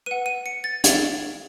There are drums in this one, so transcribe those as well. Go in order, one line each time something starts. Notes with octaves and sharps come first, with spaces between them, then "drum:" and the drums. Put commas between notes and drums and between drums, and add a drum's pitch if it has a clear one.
B4 F#5 D#7
D#7
C#7
A6
G#6, drum: hi-hat